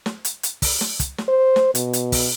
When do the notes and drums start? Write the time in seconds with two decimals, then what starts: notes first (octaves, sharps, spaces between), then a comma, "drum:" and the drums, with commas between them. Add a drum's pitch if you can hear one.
0.06 drum: snare
0.25 drum: hi-hat
0.43 drum: hi-hat
0.62 drum: kick, open hi-hat
0.81 drum: snare
1.00 drum: kick, hi-hat
1.18 drum: snare
1.28 C5
1.56 drum: snare
1.75 B2, drum: hi-hat
1.93 drum: hi-hat
2.12 drum: kick, open hi-hat